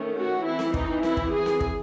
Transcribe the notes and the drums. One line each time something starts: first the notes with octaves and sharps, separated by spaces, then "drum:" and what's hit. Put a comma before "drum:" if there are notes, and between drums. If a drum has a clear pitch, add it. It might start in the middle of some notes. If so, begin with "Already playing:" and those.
Already playing: D#3 A3 C#4
F#4
E3 C4 E4
drum: snare C4
D#4, drum: kick
E4, drum: snare C4
drum: kick
G#4
drum: snare C4
drum: kick